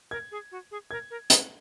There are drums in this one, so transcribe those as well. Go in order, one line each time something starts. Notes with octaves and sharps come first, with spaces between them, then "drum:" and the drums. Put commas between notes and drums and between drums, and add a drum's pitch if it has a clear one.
A#4 G#6
G#4
F#4
G#4
A#4 G#6
A#4
G#4, drum: hi-hat